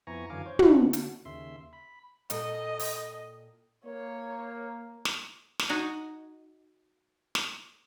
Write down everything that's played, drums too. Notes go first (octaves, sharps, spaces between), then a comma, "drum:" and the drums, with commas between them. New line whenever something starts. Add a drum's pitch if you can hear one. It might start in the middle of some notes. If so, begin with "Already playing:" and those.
F2 B3 E4 G#5 A#5 C#6
F#2 D3 E3 F5 G#5 D6
C5 C#5
drum: tom
D3 F#4
drum: hi-hat
D#2 C#3 E5 C6
B5
A#2 A4 D#5 G5, drum: hi-hat
drum: open hi-hat
A#3 C#5
drum: snare
drum: snare
D#4 F#4 G#5
drum: snare